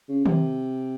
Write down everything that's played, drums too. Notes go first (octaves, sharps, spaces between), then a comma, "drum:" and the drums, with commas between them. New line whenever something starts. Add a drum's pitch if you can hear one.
C#3
C3, drum: tom D#3